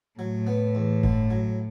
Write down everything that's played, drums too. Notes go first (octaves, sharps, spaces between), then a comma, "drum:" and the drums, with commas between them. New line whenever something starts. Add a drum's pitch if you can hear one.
A2 F#3
B3
E2
D3, drum: kick G1
F#3